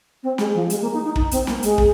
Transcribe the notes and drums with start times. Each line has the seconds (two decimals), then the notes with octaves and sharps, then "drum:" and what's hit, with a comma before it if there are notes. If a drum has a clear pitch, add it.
0.23 C4
0.38 G#3, drum: snare
0.54 F3
0.70 G#3, drum: hi-hat
0.82 A#3
0.93 D#4
1.04 D#4
1.16 D#4, drum: kick
1.31 C4, drum: hi-hat
1.47 A#3, drum: snare
1.63 G#3, drum: hi-hat
1.78 drum: kick